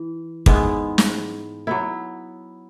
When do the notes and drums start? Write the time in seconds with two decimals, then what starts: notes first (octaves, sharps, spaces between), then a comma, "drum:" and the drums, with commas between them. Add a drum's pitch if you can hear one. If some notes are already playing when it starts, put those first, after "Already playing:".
Already playing: E3
0.46 G#2 G#3 B3 E4, drum: kick
0.98 drum: snare
1.67 F#3 B3 E4